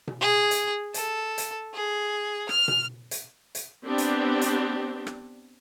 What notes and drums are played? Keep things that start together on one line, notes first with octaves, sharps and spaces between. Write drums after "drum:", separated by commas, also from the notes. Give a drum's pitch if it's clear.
drum: tom B2
G#4
drum: hi-hat
A4, drum: hi-hat
drum: hi-hat
G#4
F6, drum: rim click
drum: tom B2
drum: hi-hat
drum: hi-hat
B3 C4 D4 G4
drum: hi-hat
drum: hi-hat
drum: rim click